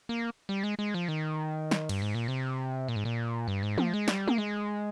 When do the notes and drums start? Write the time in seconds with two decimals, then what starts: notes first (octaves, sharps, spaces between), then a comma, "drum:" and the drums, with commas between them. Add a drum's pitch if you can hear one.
0.09 A#3
0.49 G3
0.63 G#3
0.79 G#3
0.94 F3
1.08 D#3
1.71 drum: snare
1.89 G2, drum: cymbal
2.02 G#2
2.15 A#2
2.28 C3
2.88 A#2
2.96 G#2
3.05 A#2
3.48 G2
3.63 G#2
3.78 F3, drum: tom
3.94 G#3
4.08 G3, drum: snare
4.28 A#3, drum: tom
4.38 G#3